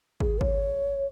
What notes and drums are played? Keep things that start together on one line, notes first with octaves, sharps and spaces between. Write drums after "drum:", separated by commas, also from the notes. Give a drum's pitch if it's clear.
G#4, drum: kick
C#5, drum: kick